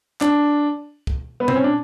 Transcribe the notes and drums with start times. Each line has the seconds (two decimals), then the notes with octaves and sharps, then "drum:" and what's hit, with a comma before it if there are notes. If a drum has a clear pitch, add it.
0.21 D4, drum: clap
1.07 drum: kick
1.40 B3
1.48 C4, drum: tom B2
1.56 C#4
1.64 D4